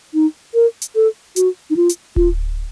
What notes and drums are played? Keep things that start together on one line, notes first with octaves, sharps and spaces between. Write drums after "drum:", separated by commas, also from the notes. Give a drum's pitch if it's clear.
D#4
A#4
drum: hi-hat
A4
F#4, drum: hi-hat
D#4
F4
drum: hi-hat
F4, drum: kick D1